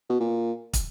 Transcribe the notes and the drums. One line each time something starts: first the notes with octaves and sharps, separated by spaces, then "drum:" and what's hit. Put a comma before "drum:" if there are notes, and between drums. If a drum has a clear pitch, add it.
B2
A#2
drum: kick, hi-hat